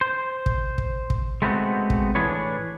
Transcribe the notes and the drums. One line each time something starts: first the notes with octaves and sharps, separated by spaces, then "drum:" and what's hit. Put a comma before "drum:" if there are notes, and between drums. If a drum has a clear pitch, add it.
C5
drum: kick
drum: kick
drum: kick
G#3 A3 B3 C4 E4 F#4
drum: kick
A2 E3 D4 G#4 B4 C#5